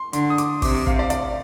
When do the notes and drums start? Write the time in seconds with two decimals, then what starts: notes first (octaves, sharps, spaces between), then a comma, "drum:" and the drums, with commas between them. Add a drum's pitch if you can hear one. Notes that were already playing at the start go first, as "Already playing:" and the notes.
Already playing: C6
0.13 D3 C6, drum: hi-hat
0.30 D#6
0.38 D6, drum: hi-hat
0.62 C3 D6, drum: kick, open hi-hat
0.74 D6
0.87 F5, drum: kick
0.99 D5
1.10 D5, drum: hi-hat